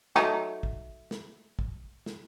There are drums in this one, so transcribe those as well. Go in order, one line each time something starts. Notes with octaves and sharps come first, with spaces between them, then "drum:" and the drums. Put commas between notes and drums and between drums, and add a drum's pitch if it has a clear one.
F#3 A3 D#4, drum: snare
drum: kick
drum: snare
drum: kick
drum: snare